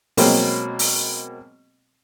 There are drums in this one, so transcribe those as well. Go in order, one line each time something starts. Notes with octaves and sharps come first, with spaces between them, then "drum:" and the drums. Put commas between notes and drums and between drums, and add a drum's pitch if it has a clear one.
B2 F#3 G#3 A#3 C4, drum: open hi-hat
drum: open hi-hat